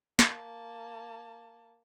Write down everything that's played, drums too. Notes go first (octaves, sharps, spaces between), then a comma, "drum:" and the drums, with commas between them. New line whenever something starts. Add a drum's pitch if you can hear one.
A#3 A5, drum: snare